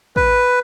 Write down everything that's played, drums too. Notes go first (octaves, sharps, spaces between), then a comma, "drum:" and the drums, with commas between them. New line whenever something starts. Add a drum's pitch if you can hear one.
B4, drum: kick